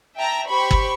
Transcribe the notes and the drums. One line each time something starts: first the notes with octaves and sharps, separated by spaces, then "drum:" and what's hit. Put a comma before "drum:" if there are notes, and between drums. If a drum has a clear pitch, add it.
E5 G5 A5 A#5
G4 C5 B5 C#6
drum: kick G1